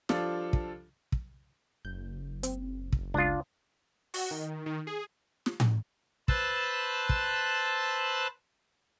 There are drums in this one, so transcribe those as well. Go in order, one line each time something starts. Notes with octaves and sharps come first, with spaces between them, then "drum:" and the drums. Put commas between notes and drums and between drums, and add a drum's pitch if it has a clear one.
F3 G3 D4 F4 A4, drum: snare
drum: kick
drum: kick
F#1 G6
C4, drum: hi-hat
drum: kick
C#2 D4 F4 D#6
F#4, drum: open hi-hat
D#3
D#3
G#4
drum: snare
drum: tom A2
B4 C5 A5 E6 F#6, drum: kick
drum: kick